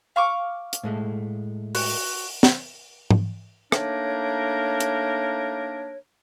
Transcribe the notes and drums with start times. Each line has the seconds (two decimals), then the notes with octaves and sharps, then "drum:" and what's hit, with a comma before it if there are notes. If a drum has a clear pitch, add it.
0.16 F5 C#6 D6
0.73 drum: hi-hat
0.84 A2 G#3 A3
1.75 F#4, drum: open hi-hat
2.43 drum: snare
3.11 drum: tom G#2
3.72 A3 A#3 D4 D#4 A#4 C#5, drum: rim click
4.80 drum: hi-hat